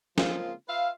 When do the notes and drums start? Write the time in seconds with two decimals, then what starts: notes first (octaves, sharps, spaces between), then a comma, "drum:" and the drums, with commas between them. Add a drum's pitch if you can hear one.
0.18 C#3 F3 G#3 A#3 C4 F4, drum: snare
0.69 F4 B4 E5 F5